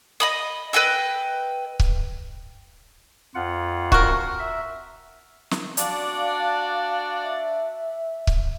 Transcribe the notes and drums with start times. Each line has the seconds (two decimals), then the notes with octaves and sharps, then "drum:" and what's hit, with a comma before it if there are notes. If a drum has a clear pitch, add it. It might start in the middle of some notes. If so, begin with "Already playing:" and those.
0.20 D#5 B5 D#6
0.73 B4 D#5 G5 E6
1.80 drum: kick C#1
3.35 F2 F4 F#5
3.92 F#4 A#4, drum: kick C#1
4.39 E5
5.51 drum: snare
5.77 D4 F#4 D5 F5, drum: hi-hat
7.23 E5
8.27 drum: kick C#1